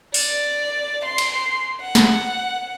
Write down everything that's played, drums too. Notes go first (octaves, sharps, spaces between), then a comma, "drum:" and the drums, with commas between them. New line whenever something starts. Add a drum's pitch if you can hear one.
D5, drum: open hi-hat
C6
drum: cymbal
F#5
drum: snare